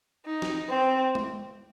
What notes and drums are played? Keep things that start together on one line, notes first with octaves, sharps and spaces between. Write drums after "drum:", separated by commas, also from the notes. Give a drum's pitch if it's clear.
D#4
drum: snare
C4
drum: tom G#3